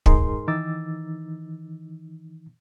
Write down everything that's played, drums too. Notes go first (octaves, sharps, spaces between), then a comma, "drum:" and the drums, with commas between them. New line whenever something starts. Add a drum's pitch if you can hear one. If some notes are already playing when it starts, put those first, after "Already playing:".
D2 G#2 D#4 G#4 A#4 C6, drum: kick
D#3 E3 D#4 D6 E6 A6